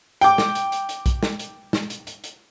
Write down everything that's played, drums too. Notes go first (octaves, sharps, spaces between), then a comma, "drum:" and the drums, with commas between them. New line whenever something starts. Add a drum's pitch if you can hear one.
G5 D6, drum: hi-hat
drum: snare
drum: hi-hat
drum: hi-hat
drum: hi-hat
drum: kick B1, hi-hat
drum: snare
drum: hi-hat
drum: snare
drum: hi-hat
drum: hi-hat
drum: hi-hat